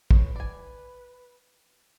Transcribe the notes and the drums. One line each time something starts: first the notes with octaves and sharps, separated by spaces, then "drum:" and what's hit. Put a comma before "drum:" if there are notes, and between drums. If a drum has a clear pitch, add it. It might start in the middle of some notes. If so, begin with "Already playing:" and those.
G#4 B4 C#5, drum: kick
D5 G#5